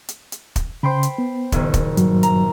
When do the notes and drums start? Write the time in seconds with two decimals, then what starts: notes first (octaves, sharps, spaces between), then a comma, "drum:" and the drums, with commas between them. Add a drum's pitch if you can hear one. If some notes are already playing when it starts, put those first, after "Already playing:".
0.09 drum: hi-hat
0.32 drum: hi-hat
0.56 drum: kick, hi-hat
0.83 C#3 C5 G5 B5 C6
1.03 drum: hi-hat
1.18 B3
1.52 F#1 A#2 D#3, drum: kick, hi-hat
1.74 drum: kick, hi-hat
1.97 G2 F#3, drum: hi-hat
2.23 A#5, drum: hi-hat